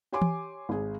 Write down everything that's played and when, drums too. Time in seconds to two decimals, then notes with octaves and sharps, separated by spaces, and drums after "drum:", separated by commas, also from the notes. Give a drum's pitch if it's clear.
0.12 G4 C#5 G#5 C6 D6
0.22 drum: tom E3
0.69 G#1 G#4